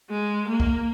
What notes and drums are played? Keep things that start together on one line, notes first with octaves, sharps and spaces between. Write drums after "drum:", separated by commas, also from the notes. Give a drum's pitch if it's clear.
G#3
A#3
drum: kick